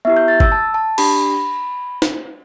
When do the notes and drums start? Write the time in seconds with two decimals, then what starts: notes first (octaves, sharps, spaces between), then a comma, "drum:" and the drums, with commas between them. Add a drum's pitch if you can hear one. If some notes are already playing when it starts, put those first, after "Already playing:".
0.05 B3 E4 G4 E5
0.17 G6
0.28 A6
0.40 E6, drum: kick
0.52 A5
0.74 A5
0.98 D4 G4 B5, drum: cymbal
2.02 drum: snare